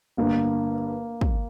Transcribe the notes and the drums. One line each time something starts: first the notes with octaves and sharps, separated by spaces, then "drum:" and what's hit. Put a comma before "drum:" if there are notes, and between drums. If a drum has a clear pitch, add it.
G1 G2 D3 A#3
drum: kick